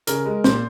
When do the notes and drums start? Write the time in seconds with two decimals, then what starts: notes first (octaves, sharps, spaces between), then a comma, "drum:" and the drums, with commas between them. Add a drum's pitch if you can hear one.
0.07 C#3 A#4, drum: hi-hat
0.26 G#3
0.44 A#2 C5, drum: snare